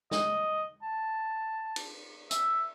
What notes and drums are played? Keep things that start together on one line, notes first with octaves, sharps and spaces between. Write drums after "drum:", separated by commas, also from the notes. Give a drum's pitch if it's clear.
D#5, drum: snare
A5
drum: cymbal
E5, drum: hi-hat